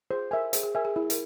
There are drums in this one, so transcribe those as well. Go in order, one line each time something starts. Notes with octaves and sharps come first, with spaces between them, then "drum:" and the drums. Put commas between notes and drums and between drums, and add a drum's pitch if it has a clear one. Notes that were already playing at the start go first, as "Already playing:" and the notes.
G#4 C5
A#4 E5 G#5
G#4 C5, drum: hi-hat
G#4
A#4 E5 G#5
G#4
E4 G#4
A#4, drum: hi-hat